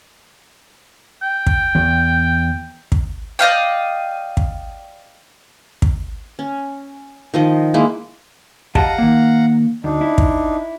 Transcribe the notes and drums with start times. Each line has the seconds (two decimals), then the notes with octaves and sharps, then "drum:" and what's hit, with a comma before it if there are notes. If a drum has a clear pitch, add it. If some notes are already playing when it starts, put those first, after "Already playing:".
1.22 G5
1.47 drum: kick
1.75 E2
2.92 drum: kick
3.39 D5 D#5 F5 G5
4.37 drum: kick
5.82 drum: kick
6.39 C#4
7.34 D#3 F3 D#5
7.74 G#3 A#3 E4
8.75 G4 D#5 F5 F#5 A5 A#5, drum: kick
8.98 D#3 A#3
9.84 D2 D4 D#4
10.01 E4
10.18 drum: kick